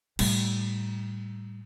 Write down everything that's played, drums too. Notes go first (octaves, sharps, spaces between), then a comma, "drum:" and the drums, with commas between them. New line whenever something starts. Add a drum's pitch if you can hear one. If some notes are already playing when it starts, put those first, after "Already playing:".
A2 G3, drum: cymbal